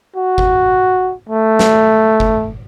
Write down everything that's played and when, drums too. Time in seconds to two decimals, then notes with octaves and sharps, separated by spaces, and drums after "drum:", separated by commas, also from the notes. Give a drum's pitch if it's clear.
0.16 F#4
0.38 drum: kick G1
1.29 A3
1.59 drum: snare
2.20 drum: kick G1